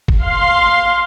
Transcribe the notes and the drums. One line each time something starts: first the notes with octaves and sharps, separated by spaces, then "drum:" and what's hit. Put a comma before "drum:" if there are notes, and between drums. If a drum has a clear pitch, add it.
drum: kick
F5 C6